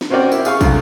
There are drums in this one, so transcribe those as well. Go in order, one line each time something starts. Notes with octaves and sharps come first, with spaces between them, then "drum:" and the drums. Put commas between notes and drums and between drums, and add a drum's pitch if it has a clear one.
drum: snare
C4 C#4 F#4 A#4 D5 G5
E4, drum: tambourine
G#4 F5 C#6, drum: tambourine
C2 D3, drum: kick, tambourine